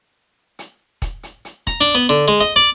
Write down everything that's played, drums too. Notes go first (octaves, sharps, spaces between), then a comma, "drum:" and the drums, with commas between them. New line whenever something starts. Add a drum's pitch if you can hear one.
drum: hi-hat
drum: kick, hi-hat
drum: hi-hat
drum: hi-hat
A#5, drum: kick, hi-hat
D4
B3
D3
G#3
D#5
D5